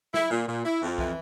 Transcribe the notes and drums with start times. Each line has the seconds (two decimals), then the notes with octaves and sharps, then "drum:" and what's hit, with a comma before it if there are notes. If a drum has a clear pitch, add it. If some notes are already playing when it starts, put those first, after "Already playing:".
0.14 E4, drum: snare
0.31 A#2
0.48 A#2
0.65 E4
0.81 F2
0.98 E3, drum: kick B1